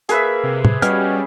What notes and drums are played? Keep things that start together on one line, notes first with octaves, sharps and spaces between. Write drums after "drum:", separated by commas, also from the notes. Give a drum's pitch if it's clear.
A#3 G#4 B4 E5, drum: hi-hat
C3
drum: tom A2
B2 G3 C#4 G5 F6, drum: hi-hat